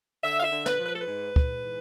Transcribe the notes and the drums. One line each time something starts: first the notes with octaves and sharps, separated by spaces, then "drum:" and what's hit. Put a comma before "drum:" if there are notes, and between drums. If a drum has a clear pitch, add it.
D3 E5
F5
E5
D3
B4, drum: snare
F3
B4
A4
B4
G#2
G#2, drum: kick
E3